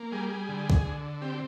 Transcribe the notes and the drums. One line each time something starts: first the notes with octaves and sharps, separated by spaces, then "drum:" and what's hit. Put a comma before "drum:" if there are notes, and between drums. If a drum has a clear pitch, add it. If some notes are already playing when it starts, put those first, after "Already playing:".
Already playing: A#3
G3 G#4
G#4
D3
drum: kick
D3
C4 G4